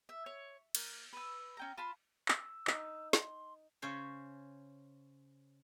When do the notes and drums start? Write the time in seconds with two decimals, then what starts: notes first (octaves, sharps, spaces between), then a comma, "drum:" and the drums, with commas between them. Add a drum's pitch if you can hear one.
0.09 E5
0.26 C#5
0.75 A#3, drum: cymbal
1.13 B4 E6
1.57 C#4 G5 A#5
1.77 F4 A5 B5 C6
2.28 drum: clap
2.38 E6
2.67 D#4, drum: clap
3.13 C6, drum: snare
3.82 C#3 C#4 C5